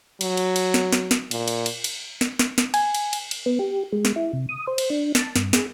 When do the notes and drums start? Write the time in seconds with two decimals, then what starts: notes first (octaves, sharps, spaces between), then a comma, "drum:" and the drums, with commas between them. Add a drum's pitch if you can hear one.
0.21 F#3, drum: cymbal
0.37 drum: cymbal
0.56 drum: cymbal
0.74 drum: snare
0.92 drum: snare
1.11 drum: snare
1.31 A#2, drum: cymbal
1.48 drum: cymbal
1.66 drum: cymbal
1.84 drum: cymbal
2.21 drum: snare
2.39 drum: snare
2.58 drum: snare
2.74 G#5, drum: cymbal
2.95 drum: cymbal
3.13 drum: cymbal
3.31 drum: cymbal
3.46 B3
3.59 G4
3.93 G#3
4.05 drum: snare
4.16 E4
4.33 C3
4.49 D#6
4.67 C5
4.78 drum: cymbal
4.90 D4
5.15 A5, drum: snare
5.36 G2, drum: snare
5.53 G#4, drum: snare